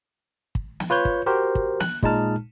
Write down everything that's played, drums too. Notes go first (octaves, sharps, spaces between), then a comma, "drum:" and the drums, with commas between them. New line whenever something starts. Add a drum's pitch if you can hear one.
drum: kick
drum: snare
F4 B4 C#5 G6
drum: kick
F#4 G4 A#4 C5
drum: kick
F#6, drum: snare
A#2 G#3 D#4 A5 F6, drum: kick